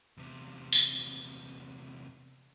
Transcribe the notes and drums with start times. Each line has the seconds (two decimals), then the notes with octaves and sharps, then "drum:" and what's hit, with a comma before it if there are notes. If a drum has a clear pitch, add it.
0.17 E2 C3
0.73 drum: tambourine